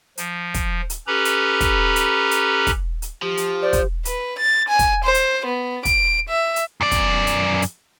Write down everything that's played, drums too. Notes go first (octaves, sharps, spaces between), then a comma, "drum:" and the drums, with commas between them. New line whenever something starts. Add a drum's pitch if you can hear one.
F3, drum: hi-hat
drum: kick, hi-hat
drum: hi-hat
C#4 G4 A4 B4 A#5 B5
drum: hi-hat
drum: kick, hi-hat
drum: hi-hat
drum: hi-hat
drum: kick, hi-hat
drum: hi-hat
F3 G4
drum: hi-hat
C5 D5
drum: kick, hi-hat
B4, drum: hi-hat
A6
G#5
drum: kick, hi-hat
C5
drum: hi-hat
B3
D7, drum: kick, hi-hat
E5
drum: hi-hat
F#2 D5
drum: kick, hi-hat
drum: hi-hat
drum: hi-hat